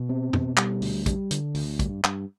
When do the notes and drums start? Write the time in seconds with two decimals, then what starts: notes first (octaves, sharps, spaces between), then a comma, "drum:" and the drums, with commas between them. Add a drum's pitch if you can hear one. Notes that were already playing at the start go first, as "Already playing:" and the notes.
Already playing: B2
0.09 C4
0.33 B2, drum: tom
0.57 G3, drum: clap
0.82 D2, drum: open hi-hat
1.06 G3, drum: kick, hi-hat
1.31 D3, drum: hi-hat
1.55 D2, drum: open hi-hat
1.79 G2, drum: kick, hi-hat
2.04 G2, drum: clap